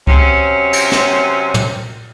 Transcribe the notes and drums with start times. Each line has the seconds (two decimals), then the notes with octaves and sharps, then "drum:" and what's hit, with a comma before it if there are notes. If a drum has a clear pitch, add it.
0.07 C3 F#3 C#4, drum: kick C#2
0.73 drum: cymbal
0.92 drum: snare
1.54 drum: tom